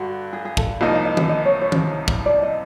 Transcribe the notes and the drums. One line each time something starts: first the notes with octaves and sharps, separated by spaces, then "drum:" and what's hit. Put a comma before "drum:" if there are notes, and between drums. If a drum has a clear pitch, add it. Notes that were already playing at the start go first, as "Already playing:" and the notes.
Already playing: G2 D3 F#4
G#4
G#4
A4, drum: kick
A4
C2 C3 F3 A#3 D#4 D#5
D#5
D#5
E5, drum: tom D#3
D#5
C#5
C#5
drum: tom D#3
drum: kick
D5
D#5